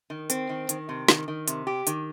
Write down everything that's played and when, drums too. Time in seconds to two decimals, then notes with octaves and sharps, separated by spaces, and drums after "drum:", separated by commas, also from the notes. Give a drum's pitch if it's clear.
0.10 D#3
0.30 C4, drum: hi-hat
0.49 D#3
0.69 D#3, drum: hi-hat
0.89 C3
1.08 D#3, drum: snare
1.28 D#3
1.48 C3, drum: hi-hat
1.67 G4
1.87 D#3, drum: hi-hat